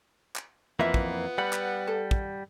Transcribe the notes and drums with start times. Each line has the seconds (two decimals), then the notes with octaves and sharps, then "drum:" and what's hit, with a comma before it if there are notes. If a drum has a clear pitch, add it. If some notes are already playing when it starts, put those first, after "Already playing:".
0.36 drum: clap
0.80 F2 E3 A#3 B3 F4 E5
0.94 drum: kick
1.38 G3 F#5 B5
1.53 drum: clap
1.87 A4 A5
2.11 drum: kick